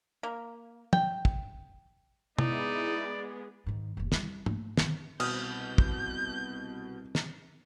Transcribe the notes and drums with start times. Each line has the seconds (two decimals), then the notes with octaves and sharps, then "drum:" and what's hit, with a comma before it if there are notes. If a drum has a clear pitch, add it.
0.23 A#3
0.93 G5, drum: tom
1.25 drum: kick
2.38 G#3 B3 D#4 E4 G#4 D5, drum: tom
3.66 G#2 D#3
3.97 F1 D#2
4.12 G3 E4, drum: snare
4.46 A3, drum: tom
4.77 D#3 B3, drum: snare
5.20 C2 B2 D#6 F6 G6, drum: cymbal
5.78 drum: kick
7.15 drum: snare